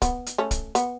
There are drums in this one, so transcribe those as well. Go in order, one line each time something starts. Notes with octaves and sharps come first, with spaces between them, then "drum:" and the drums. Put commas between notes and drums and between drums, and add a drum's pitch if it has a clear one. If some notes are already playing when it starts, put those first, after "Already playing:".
B3, drum: kick, hi-hat
drum: hi-hat
A3 C#4
drum: kick, hi-hat
B3, drum: hi-hat